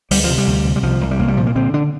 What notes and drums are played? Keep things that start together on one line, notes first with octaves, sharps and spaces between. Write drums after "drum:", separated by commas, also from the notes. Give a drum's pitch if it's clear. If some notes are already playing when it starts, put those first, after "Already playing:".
D2 G3, drum: open hi-hat
F3
C3
G3
D2
C3
G3
C2 F3
C2
G3
C2 A#3
G3
A#2 F3
A#3
D3 C4
D3 D4